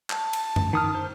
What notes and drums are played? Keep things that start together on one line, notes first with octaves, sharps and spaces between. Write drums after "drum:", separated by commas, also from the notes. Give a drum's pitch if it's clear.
A5, drum: clap
drum: cymbal
drum: tom F#2
D#3 D#6 F6
C5